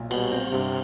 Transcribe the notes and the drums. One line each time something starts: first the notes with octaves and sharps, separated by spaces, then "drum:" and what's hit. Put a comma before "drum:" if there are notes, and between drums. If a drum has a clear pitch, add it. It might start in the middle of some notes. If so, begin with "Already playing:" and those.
Already playing: B1 A#2
B2 G3, drum: cymbal
C4
G2 C3